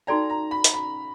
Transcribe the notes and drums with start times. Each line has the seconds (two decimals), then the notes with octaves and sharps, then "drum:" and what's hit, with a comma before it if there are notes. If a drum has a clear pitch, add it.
0.07 D#4 F#4 A4 D5 G5 A#5
0.30 A#5
0.51 B5
0.64 drum: hi-hat
0.74 B5